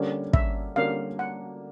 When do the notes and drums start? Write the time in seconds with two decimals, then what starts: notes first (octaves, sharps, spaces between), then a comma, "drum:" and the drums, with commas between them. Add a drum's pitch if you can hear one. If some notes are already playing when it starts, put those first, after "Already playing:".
Already playing: D3 G3 A#3 C#4
0.33 E5, drum: kick
0.76 D3 G3 A#3 C#4 F5
1.19 F#5